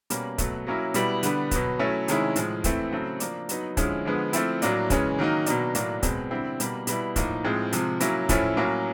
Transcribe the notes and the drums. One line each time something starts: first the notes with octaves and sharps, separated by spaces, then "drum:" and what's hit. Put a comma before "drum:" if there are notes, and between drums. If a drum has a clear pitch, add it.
B2 G3 A#3 C#4, drum: hi-hat
B2 F#3 A3, drum: kick, hi-hat
F#3 A#3 C#4 E4
B2 G3 B3 E4, drum: hi-hat
D3 G3 B3, drum: hi-hat
B2 F#3 B3, drum: kick, hi-hat
F#3 A3 C#4 E4
C3 D#3 G#3 C#4 E4, drum: hi-hat
A2 F3 G#3, drum: hi-hat
E3 A3 C4 E4, drum: kick, hi-hat
C#3 F#3 A3 C4
F3 A#3 D4, drum: hi-hat
F#3 B3 D#4, drum: hi-hat
D3 F3 G#3 C#4 E4, drum: kick, hi-hat
D3 F3 G#3 B3
F3 A3 C4 E4, drum: hi-hat
A2 F#3 A#3 D4, drum: hi-hat
C#3 E3 G#3 C#4, drum: kick, hi-hat
D#3 F#3 A#3 D#4
B2 F#3 A#3 D4, drum: hi-hat
A2 F#3 A#3 D4, drum: hi-hat
B2 G#3 C4, drum: kick, hi-hat
D3 G3 C4 E4
B2 G3 A#3, drum: hi-hat
B2 G3 B3 E4, drum: hi-hat
A2 F3 A#3 D#4, drum: kick, hi-hat
A2 F3 G#3 C4
C3 F3 G#3, drum: hi-hat
F#3 A#3 C#4 E4, drum: hi-hat
A2 F3 A3 C#4 E4, drum: kick, hi-hat
A2 F#3 A#3 C#4